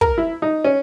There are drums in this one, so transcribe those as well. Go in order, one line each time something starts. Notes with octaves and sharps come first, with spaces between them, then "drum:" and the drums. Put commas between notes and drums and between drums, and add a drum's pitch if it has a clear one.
A#4, drum: kick
E4
D#4
C#4